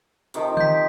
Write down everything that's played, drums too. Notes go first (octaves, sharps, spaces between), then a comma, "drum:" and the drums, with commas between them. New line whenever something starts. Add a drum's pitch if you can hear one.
C3 D#3 F3, drum: hi-hat
G6 B6, drum: tom D3